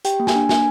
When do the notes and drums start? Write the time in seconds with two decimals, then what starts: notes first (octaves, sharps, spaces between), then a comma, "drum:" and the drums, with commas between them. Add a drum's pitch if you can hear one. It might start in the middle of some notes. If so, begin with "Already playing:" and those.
0.05 G4 G5, drum: hi-hat
0.20 A#3
0.27 G#5, drum: snare
0.35 D4
0.49 A#3 G#5, drum: snare